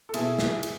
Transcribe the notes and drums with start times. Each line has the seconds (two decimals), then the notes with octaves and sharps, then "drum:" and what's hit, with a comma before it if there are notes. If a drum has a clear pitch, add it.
0.09 A4
0.14 B2 E4 G#4, drum: cymbal
0.39 drum: snare
0.63 drum: cymbal